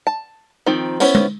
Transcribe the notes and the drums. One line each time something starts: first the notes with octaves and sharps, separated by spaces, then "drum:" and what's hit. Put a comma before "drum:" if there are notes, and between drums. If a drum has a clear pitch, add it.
A5
D#3 F3 C4
B3 C#4 E4 C5, drum: tambourine
drum: tom